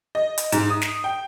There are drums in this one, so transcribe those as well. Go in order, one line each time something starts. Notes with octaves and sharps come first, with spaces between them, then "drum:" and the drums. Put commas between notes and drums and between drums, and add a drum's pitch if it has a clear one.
D#5
drum: hi-hat
G#2, drum: hi-hat
D#6
drum: snare
G5